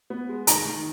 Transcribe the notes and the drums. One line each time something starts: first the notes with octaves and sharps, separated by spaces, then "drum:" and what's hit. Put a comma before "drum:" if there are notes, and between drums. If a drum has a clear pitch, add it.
B3
G#3
D#3 A#5, drum: hi-hat
D#3